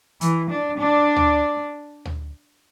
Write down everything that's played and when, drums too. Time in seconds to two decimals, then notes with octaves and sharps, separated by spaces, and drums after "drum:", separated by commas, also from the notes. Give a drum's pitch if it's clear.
0.21 E3, drum: hi-hat
0.50 D4
0.79 D4
1.16 drum: tom
2.05 drum: tom